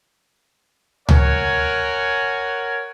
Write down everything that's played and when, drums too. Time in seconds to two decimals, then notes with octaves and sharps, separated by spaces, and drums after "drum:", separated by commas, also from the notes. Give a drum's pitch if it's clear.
1.09 A#4 C#5 F#5 G#5, drum: tom C#2